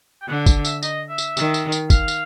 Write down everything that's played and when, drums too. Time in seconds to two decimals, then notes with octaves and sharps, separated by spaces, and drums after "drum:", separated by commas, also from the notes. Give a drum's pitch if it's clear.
0.22 G5
0.28 D3 F#5
0.46 drum: kick, tambourine
0.65 E5, drum: tambourine
0.83 D#5, drum: tambourine
1.09 E5
1.18 drum: tambourine
1.37 D#3, drum: tambourine
1.54 drum: tambourine
1.72 drum: tambourine
1.90 F5, drum: kick, tambourine
2.08 drum: tambourine